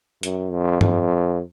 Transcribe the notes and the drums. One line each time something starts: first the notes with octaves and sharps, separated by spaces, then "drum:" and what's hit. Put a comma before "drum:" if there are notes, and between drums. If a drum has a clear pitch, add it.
F#2, drum: hi-hat
F2
F2, drum: tom G2